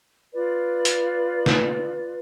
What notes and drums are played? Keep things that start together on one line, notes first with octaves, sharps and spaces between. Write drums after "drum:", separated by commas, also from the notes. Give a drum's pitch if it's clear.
F4 B4 D5
drum: hi-hat
drum: snare